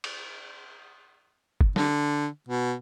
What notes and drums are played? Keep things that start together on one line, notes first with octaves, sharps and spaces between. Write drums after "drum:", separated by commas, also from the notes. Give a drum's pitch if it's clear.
drum: cymbal
drum: kick
D3, drum: snare
B2